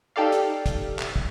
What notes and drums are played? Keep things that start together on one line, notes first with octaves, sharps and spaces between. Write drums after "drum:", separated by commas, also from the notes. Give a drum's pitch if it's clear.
D#4 G4 A4 D5 F5
drum: hi-hat
drum: kick, hi-hat
drum: clap
drum: kick